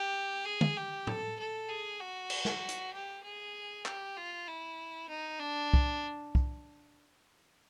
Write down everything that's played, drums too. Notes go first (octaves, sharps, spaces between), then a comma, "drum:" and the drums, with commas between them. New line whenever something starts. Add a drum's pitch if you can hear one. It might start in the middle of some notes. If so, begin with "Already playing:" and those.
Already playing: G4
G#4
drum: tom
G4
A4, drum: tom A2
A4
G#4
F#4
drum: cymbal
drum: snare
drum: hi-hat
G4
G#4
G4, drum: clap
F4
E4
D#4
D4
drum: kick C2
drum: kick C2